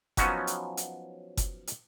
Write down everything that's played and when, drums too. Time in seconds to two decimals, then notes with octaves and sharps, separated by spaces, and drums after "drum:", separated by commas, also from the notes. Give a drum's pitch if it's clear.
0.17 F3 F#3 B3 C#4 D#4 F#4, drum: kick F#1, hi-hat
0.47 drum: hi-hat
0.77 drum: hi-hat
1.37 drum: kick F#1, hi-hat
1.67 drum: hi-hat